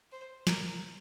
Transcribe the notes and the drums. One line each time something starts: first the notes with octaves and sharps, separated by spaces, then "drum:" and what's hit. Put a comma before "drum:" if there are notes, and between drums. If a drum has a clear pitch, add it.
C5
A#4, drum: snare